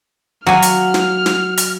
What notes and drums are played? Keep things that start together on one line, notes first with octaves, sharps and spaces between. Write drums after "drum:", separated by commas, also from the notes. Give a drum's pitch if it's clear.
F#3 F5 F#5 G#5 D6 F6
drum: hi-hat
drum: snare
drum: snare
drum: hi-hat